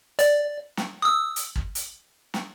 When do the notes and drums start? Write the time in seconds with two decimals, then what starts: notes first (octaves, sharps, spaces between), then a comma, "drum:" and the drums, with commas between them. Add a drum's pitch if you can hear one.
0.19 D5, drum: hi-hat
0.77 drum: snare
1.02 D#6 E6
1.36 drum: hi-hat
1.56 drum: kick
1.75 drum: hi-hat
2.34 drum: snare